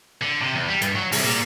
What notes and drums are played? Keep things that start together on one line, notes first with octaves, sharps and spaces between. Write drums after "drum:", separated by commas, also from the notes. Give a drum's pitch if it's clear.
D3
C3
E2
G3
G2, drum: hi-hat
F#3
C2, drum: open hi-hat
A#2